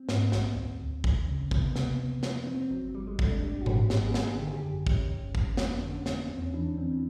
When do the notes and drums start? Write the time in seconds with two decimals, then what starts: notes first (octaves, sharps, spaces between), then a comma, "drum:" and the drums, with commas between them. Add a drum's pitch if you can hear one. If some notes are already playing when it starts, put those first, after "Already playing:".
Already playing: C4
0.09 G#2, drum: snare
0.32 A#1, drum: snare
0.55 D2
0.79 D2
1.04 D2, drum: kick
1.28 C#3
1.51 C3 B3, drum: kick
1.76 F2, drum: snare
2.00 F2
2.23 F2, drum: snare
2.47 F2 C4
2.71 G1 F#3
2.94 G1 G3
3.07 G#3
3.19 G1 A3, drum: kick
3.31 D4
3.43 G#1 G4
3.61 F#4
3.66 G#2 G4, drum: tom A2
3.90 G#1 G4, drum: snare
4.07 G#4
4.14 D#3, drum: snare
4.23 G#4
4.38 D3 G4
4.47 G#4
4.56 G4
4.62 F#2
4.87 F#2 C#4, drum: kick
5.11 G1
5.35 F2, drum: kick
5.57 F2, drum: snare
5.82 D3
6.06 F2, drum: snare
6.30 E2 C4
6.42 C#4
6.54 E3 D4
6.78 E3 C4